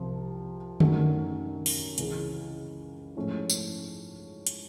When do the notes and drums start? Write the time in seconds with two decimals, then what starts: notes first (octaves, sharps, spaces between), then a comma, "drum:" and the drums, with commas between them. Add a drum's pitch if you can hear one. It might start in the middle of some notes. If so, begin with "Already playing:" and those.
Already playing: C2 C3 F3
0.80 F#2 D#3 F#3 A3 D4, drum: tom D3
1.66 drum: open hi-hat
1.98 C#2 C#3 E3, drum: hi-hat
3.16 G#2 F3 A3 C#4 E4
3.50 drum: tambourine
4.47 drum: hi-hat